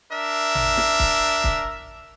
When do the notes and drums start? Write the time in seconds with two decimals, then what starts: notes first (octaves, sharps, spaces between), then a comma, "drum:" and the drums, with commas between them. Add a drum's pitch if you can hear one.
0.11 D4 A#4 E5
0.55 drum: tom A1
0.77 drum: snare
1.00 drum: kick
1.44 drum: kick